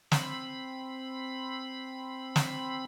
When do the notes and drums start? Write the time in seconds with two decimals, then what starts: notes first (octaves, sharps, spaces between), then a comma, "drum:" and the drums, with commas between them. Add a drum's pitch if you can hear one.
0.12 C4 B5, drum: snare
2.36 drum: snare